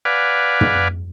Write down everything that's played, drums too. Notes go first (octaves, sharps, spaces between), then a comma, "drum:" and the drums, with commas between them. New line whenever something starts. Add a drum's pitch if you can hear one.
B4 D5 F5 F#5 G#5
drum: tom